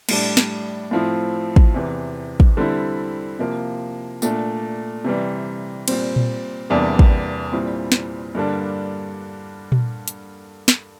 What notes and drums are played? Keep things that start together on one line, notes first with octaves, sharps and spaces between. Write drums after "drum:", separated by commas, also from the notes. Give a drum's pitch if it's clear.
A2 G3 D4, drum: cymbal
drum: snare
A2 F3 C4 E4
drum: kick
E2 C3 E3
drum: kick
D3 G3 C4 E4
C3 F3 A#3
A#2 A3 D4, drum: tambourine
C3 E3 G3
A#2 G3 C4, drum: cymbal
drum: tom A#2
E2 C3 G3 A#3 D4
drum: kick
A#2 G3 C4 E4
drum: snare
G2 D3 G3 A#3 D4
drum: tom A#2
drum: hi-hat
drum: snare